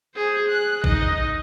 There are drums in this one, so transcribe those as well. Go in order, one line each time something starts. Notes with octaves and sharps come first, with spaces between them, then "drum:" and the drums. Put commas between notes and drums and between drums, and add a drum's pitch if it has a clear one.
G#4 C5
F#6
D#4 D#5, drum: kick